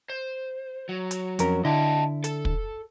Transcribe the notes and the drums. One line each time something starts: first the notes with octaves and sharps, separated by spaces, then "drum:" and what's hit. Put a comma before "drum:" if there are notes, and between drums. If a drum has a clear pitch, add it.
C5
F#3
drum: hi-hat
F2 C#4 A#4, drum: hi-hat
D3 E4 D#5 G5 A5
A4, drum: hi-hat
drum: kick